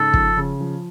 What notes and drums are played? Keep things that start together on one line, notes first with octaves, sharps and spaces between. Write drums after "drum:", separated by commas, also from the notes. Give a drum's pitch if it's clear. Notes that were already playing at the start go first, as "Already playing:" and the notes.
Already playing: G#2 C#3 A4
F3, drum: kick
C#3
F3